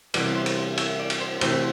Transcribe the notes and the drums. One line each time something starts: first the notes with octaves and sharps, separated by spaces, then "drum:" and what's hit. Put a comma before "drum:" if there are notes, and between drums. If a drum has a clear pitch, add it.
C3 E3 G3 B3 D5, drum: cymbal
C5
drum: cymbal
E5, drum: cymbal
D5
drum: cymbal
C5
C3 E3 A3 C4 C5, drum: cymbal